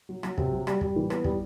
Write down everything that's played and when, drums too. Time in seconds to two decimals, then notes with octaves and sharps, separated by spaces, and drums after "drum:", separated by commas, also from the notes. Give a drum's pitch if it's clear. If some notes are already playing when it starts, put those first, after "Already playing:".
0.09 F#3
0.23 F#3, drum: rim click
0.38 C3, drum: kick
0.52 F#3
0.67 G3, drum: rim click
0.81 G3, drum: kick
0.96 E3
1.10 B3, drum: rim click
1.24 G3, drum: kick